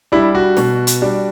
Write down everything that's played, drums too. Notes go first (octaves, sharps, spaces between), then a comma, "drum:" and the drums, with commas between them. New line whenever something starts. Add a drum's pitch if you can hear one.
G3 D4 E4
F#4
B2, drum: snare
drum: hi-hat
G3 D4